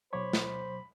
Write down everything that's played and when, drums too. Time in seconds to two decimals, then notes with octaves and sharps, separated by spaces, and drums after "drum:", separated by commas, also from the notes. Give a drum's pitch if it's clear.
0.13 B2 F#3 C5 C#5 B5 D6
0.33 drum: snare